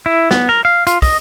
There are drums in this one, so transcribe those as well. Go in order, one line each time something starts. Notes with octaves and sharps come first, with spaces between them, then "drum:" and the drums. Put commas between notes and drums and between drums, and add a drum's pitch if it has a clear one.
E4
B3, drum: snare
A#4
F5
F4, drum: hi-hat
D#5, drum: kick, open hi-hat